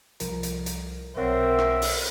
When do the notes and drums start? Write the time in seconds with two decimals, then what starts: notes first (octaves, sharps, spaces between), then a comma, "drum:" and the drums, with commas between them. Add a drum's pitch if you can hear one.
0.20 C2 F3 A#4, drum: hi-hat
0.43 drum: hi-hat
0.66 drum: hi-hat
1.16 B1 C4 A#4 C#5 E5 F#5
1.59 drum: rim click
1.82 drum: open hi-hat